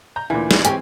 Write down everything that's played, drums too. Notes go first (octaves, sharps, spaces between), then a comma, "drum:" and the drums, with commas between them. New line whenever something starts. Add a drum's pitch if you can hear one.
A#5 G6
D2 A#2 E3
drum: snare
G#3 C4 G4 A#4 C#5 G#5, drum: hi-hat